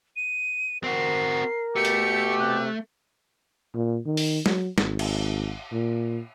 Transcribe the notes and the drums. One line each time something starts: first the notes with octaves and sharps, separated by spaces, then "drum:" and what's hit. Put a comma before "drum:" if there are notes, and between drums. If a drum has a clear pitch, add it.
D#7
C4 F#4 A#4 C7
B2 A3 G4 C#7
drum: hi-hat
C3 F#6
A#2
D#3
drum: open hi-hat
F#3, drum: snare
G#1, drum: snare
drum: cymbal
A#2